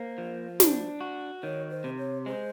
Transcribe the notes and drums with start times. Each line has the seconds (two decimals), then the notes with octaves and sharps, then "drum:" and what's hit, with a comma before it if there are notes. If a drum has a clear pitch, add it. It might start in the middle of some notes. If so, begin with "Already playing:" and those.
Already playing: A#3 C5
0.18 F3
0.60 D4, drum: snare
1.01 F#4
1.43 D#3 C#5
1.70 C5
1.84 C3
1.98 C#5
2.26 G#3 C5